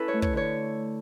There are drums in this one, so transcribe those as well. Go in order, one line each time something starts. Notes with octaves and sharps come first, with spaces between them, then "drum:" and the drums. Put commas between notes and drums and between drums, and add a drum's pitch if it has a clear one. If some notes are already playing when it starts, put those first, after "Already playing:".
Already playing: C#4 E4 A4 B4
C#5
A3
C#5, drum: kick
D3 C#5